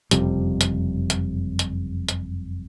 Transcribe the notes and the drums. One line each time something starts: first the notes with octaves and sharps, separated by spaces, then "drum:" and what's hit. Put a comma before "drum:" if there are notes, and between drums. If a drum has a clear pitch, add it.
F#1 F2 C3 G3, drum: hi-hat
drum: hi-hat
drum: hi-hat
drum: hi-hat
drum: hi-hat